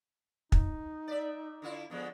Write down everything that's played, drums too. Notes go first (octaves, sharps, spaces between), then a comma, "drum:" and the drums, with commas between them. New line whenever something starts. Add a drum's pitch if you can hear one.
D#4, drum: kick
D5 E5
D3 E4 F4
D3 F3 G#3 B3